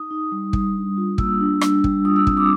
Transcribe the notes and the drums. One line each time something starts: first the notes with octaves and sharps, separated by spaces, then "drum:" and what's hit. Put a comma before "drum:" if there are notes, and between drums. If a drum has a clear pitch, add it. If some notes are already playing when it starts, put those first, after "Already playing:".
Already playing: D#4 D#6
D#4
G3
G3, drum: kick
D4
F4
A#3 E6, drum: kick
D4
G3, drum: rim click
G3, drum: kick
F4 D#6
E6
C4 D#6, drum: kick
D6